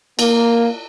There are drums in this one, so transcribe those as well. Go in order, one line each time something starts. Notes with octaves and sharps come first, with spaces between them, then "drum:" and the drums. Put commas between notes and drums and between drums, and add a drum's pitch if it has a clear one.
A#3, drum: cymbal